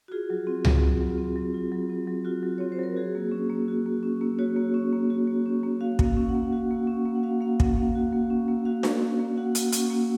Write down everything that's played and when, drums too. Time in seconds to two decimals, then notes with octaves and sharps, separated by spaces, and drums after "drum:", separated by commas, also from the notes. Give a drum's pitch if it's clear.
0.08 F#4
0.12 F4 G#4
0.30 F#3
0.47 C4
0.65 F#3, drum: tom C#2
0.83 F4
1.01 F#3
1.18 C4
1.36 F#3
1.54 F4
1.72 F#3
1.89 C4
2.07 F#3
2.25 F4 F#4
2.43 F#3
2.58 C4 C#5
2.72 C5
2.79 F#3 A#4
2.96 F#4 G#4
3.15 A#3
3.31 C#4
3.50 A#3
3.68 F#4
3.86 A#3
4.03 C#4
4.21 A#3
4.38 F#4 C#5
4.56 A#3
4.74 C#4
4.93 A#3
5.10 F#4
5.27 A#3
5.46 C#4
5.63 A#3
5.81 F#4 F5
5.99 A#3, drum: kick
6.05 F5
6.17 C#4
6.29 F#5
6.35 A#3
6.53 F#4
6.71 A#3
6.87 C#4
7.05 A#3
7.15 F#5
7.23 F#4 F5
7.41 A#3 F5
7.60 C#4 F#5, drum: kick
7.77 A#3 F5
7.95 F#4
8.13 A#3
8.30 C#4
8.48 A#3
8.65 F#4 F5
8.83 A#3, drum: snare D4
9.02 C#4
9.19 A#3
9.38 F#4 F#5
9.55 A#3, drum: hi-hat
9.72 C#4, drum: hi-hat
9.90 A#3